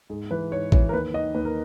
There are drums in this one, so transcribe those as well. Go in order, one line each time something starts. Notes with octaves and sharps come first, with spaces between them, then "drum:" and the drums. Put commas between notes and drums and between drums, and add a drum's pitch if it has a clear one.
G#2 G#4
E3 B4
G#2 C#5
E3 C#5, drum: kick
A#4
D#2 B4
D#3 D#5
D#2 B4
A#4